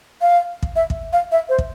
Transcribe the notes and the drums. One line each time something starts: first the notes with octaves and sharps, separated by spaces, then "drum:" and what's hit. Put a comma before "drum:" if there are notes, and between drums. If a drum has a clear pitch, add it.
F5
drum: kick
E5
drum: kick
F5
E5
C5
drum: kick